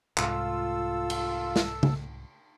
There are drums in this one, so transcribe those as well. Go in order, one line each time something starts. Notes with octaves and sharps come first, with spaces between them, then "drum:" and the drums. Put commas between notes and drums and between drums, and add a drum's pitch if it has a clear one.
C2 G#2 F4 A4 E6, drum: clap
drum: cymbal
drum: snare
drum: tom C#3